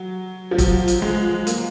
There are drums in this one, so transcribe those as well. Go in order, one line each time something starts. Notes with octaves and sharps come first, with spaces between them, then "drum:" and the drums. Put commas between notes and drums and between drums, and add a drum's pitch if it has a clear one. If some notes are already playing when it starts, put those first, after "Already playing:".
Already playing: F#3
F3
F#3, drum: kick, hi-hat
drum: hi-hat
G#3
A#3, drum: hi-hat